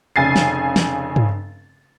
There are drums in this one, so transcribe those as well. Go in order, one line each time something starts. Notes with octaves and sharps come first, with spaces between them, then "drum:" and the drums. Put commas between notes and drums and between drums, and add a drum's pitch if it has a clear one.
F1 C#3 G#5 A6 C7
drum: snare
drum: snare
drum: tom